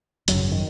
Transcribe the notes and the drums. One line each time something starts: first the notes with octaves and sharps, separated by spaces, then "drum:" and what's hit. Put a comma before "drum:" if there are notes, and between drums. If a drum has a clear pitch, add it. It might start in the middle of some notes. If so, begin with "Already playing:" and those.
G#1 F#2 C#3 F#3, drum: hi-hat
D#3